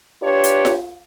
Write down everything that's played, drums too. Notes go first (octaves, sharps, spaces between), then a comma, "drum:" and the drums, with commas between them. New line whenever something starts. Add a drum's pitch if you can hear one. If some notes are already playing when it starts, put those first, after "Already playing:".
D4 F4 G4 B4 C#5
drum: hi-hat
drum: snare F4